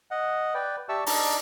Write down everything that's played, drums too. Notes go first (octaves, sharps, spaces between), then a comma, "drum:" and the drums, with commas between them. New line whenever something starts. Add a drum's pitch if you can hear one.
D#5 F#5
B4 D5 G5
G4 D5 E5 A5 C#6 E6
D4 D#4 D5 A#5, drum: open hi-hat